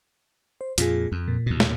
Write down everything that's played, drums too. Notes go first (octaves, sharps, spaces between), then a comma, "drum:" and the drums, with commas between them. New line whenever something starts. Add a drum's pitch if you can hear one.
C5
F2 A#2 F4 G#4, drum: hi-hat
F2
A#2
D#2 B2
drum: snare